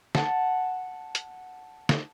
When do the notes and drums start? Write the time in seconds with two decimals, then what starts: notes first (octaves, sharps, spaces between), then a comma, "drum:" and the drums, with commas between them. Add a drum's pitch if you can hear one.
0.15 F#5 A5, drum: snare
1.15 drum: hi-hat
1.89 drum: snare